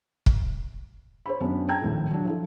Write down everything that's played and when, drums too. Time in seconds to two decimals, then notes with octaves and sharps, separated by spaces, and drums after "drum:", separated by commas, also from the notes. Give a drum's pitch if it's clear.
0.26 drum: kick
1.26 C5 C#5 B5
1.40 F#2 B3 C#4 D4
1.69 G5 A5 A#5 G#6
1.81 A#1 D#2 A2
2.11 F#3 D4
2.25 F3 E4 A4